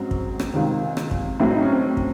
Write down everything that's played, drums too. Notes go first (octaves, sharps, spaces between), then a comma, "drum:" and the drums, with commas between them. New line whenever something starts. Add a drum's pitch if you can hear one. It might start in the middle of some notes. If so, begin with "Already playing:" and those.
Already playing: G#2 F#3 C4 C#4
drum: kick
drum: rim click
C#2 C3 D#3 D#4
drum: rim click
drum: kick
A2 F#3 C4 E4
D#4
C#4
C4
drum: kick